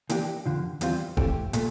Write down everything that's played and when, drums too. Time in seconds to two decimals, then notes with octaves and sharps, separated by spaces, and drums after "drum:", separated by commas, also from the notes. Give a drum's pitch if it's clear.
0.09 E3 A#3 D4 G4, drum: hi-hat
0.46 F2 D3 F3
0.81 E2 E3 G3 C4 F4, drum: hi-hat
1.17 E3 A3 C4 G4, drum: kick E1
1.53 A#2 A3, drum: hi-hat